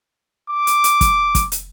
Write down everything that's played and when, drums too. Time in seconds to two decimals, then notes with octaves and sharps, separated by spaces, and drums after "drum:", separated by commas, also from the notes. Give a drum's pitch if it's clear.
0.50 D6
0.67 drum: hi-hat
0.84 drum: hi-hat
1.01 drum: kick, hi-hat
1.35 drum: kick, hi-hat
1.52 drum: hi-hat